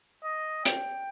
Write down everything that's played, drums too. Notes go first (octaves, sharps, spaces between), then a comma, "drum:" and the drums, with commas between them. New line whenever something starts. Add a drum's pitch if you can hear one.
D#5
G5, drum: hi-hat